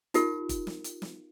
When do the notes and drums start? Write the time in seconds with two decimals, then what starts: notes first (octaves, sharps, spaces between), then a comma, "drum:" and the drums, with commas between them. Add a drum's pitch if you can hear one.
0.14 D#4 F4 G4 A#4, drum: hi-hat
0.49 drum: kick, hi-hat
0.67 drum: snare
0.84 drum: hi-hat
1.02 drum: snare